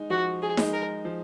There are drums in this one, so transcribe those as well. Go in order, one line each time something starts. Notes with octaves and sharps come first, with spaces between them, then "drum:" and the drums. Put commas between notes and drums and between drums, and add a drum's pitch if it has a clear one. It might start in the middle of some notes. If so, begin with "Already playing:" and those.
Already playing: G#3 D#4
F3 F#4
G#4
G#3 D#4, drum: snare D#4
A#4
F3